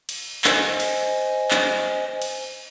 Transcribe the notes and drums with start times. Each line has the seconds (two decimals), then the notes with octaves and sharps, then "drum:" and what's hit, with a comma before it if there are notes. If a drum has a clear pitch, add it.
0.09 drum: cymbal
0.44 C5 D#5 G#5, drum: clap
0.80 drum: cymbal
1.51 drum: clap
2.22 drum: cymbal